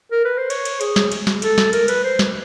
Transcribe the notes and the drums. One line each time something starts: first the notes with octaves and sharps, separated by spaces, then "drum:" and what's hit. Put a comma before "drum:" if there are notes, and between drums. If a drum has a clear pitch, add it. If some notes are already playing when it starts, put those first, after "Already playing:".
A#4
B4
C5
C#5, drum: cymbal
drum: cymbal
G#4, drum: cymbal
drum: snare
drum: cymbal
drum: snare
A4, drum: cymbal
drum: snare
A#4, drum: cymbal
B4, drum: cymbal
C5
drum: snare